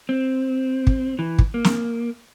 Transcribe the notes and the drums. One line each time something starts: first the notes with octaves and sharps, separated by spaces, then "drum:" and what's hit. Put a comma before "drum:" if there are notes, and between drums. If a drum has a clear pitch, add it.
C4
drum: kick
E3
drum: kick
A#3
drum: snare